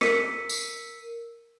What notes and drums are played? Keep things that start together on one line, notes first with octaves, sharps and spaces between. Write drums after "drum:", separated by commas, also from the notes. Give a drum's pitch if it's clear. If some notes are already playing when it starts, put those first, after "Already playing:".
A#4 E6 B6 C#7 D#7, drum: rim click
drum: tambourine